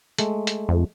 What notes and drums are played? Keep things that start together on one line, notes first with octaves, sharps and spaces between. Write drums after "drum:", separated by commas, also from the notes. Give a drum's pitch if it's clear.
G#3 A3, drum: hi-hat
drum: hi-hat
F2